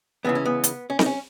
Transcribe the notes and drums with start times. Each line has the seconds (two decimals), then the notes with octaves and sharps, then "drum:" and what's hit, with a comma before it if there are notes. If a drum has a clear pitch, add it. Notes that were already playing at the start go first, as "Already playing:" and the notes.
0.25 C#2 C#3 E3 B3
0.35 C#4
0.45 B3
0.64 drum: hi-hat
0.90 C#4
0.99 D#4, drum: snare C4
1.06 C#4